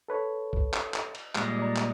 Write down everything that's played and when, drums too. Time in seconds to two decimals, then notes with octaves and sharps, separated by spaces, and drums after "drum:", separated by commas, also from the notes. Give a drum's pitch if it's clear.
0.08 A4 B4 C#5
0.53 drum: kick
0.74 drum: clap
0.94 drum: clap
1.15 drum: cymbal
1.35 A#2 G3 G#3, drum: clap
1.59 D5 A#5
1.76 drum: clap